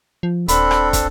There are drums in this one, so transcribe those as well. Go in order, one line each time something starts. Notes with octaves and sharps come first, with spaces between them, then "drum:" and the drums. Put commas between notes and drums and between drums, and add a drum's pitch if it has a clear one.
F3
D#1 C4 D4 A4 B5, drum: hi-hat
drum: rim click
drum: kick, hi-hat